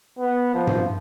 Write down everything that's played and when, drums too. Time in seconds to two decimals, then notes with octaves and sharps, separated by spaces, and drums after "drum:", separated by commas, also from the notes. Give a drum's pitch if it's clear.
0.19 B3
0.54 F3
0.67 drum: tom G2